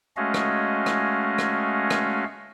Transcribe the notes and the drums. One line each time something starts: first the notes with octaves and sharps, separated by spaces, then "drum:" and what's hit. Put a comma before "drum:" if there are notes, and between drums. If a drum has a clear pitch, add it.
G#3 A3 C#4 F#4 D#5 F5
drum: rim click
drum: rim click
drum: rim click
drum: rim click